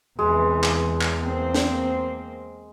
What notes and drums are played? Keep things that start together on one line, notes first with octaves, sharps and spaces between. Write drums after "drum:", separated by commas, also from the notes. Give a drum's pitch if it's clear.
E2 C3 E3 G#3
drum: clap
drum: clap
A#3 C4
drum: snare